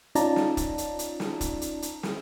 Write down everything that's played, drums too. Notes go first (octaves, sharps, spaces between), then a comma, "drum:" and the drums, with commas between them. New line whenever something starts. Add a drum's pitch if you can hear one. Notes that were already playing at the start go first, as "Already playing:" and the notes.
C#4 D#4 F4 D5 A5 A#5, drum: hi-hat
drum: snare
drum: kick, hi-hat
drum: hi-hat
drum: hi-hat
drum: snare
drum: kick, hi-hat
drum: hi-hat
drum: hi-hat
drum: snare